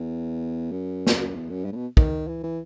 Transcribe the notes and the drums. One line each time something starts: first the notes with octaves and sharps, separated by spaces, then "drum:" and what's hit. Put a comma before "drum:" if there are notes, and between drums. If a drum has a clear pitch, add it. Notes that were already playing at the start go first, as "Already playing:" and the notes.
Already playing: E2
F#2
drum: snare
E2
F#2
G2
A2
B2
D#3, drum: kick
E3
E3